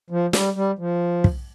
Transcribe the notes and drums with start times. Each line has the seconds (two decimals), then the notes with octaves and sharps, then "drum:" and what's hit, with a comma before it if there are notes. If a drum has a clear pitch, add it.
0.10 F3
0.33 G3, drum: snare
0.55 G3
0.79 F3
1.24 drum: kick